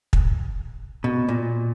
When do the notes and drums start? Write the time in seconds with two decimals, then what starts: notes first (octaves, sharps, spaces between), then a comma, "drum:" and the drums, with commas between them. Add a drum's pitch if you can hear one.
0.13 drum: kick
1.04 B2
1.29 A#2